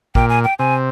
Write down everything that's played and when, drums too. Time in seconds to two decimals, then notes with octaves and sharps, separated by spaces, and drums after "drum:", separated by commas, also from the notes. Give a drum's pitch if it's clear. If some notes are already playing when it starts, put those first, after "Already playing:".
0.15 A#2 G5, drum: kick
0.29 G#5
0.44 G5
0.59 C3 G#5